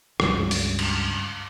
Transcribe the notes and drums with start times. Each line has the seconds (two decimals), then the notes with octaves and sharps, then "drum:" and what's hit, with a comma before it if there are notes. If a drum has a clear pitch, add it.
0.20 C#2 G2 F#3 G#3, drum: rim click
0.51 drum: open hi-hat
0.79 drum: cymbal